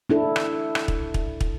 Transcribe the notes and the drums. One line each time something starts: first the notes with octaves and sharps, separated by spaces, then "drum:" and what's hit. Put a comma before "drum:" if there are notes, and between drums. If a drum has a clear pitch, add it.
D4 E4 A4
drum: rim click
drum: rim click
drum: kick
drum: kick
drum: kick